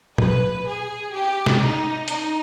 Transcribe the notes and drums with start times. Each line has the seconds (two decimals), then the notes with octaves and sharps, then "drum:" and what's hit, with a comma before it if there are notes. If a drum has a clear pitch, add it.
0.18 B4, drum: tom
0.66 G#4
1.13 G4
1.46 drum: snare
1.60 D#4
2.08 D#4, drum: hi-hat